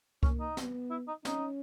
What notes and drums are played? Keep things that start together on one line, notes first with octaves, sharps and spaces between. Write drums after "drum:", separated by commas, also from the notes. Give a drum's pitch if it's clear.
A#3 C#4, drum: kick C2
D#4
B3, drum: snare
E4
D#4
C#4 D#4, drum: snare